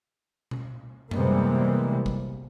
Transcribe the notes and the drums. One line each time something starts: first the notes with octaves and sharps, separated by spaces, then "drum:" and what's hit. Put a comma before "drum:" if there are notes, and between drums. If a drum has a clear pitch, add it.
drum: tom B2
C3 E3 G3 G#3 A#3 B3, drum: tom F#2
drum: kick G#1